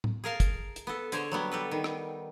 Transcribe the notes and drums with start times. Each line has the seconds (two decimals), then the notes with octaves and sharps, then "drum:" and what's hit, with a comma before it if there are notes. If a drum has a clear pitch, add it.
0.04 drum: tom A2
0.24 G#4 A#4 F5 A5
0.40 drum: kick, hi-hat
0.76 drum: hi-hat
0.87 B3 A4
1.12 D3 G#4 C5 C#5, drum: hi-hat
1.31 F#3 G3 B3
1.51 G3 A4 B4
1.71 D#3
1.84 drum: rim click